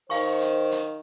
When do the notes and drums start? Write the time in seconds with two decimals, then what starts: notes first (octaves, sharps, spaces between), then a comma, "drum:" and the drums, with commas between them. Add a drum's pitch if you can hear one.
0.10 D#3 C5 F5 C#6, drum: open hi-hat
0.41 drum: hi-hat
0.72 drum: hi-hat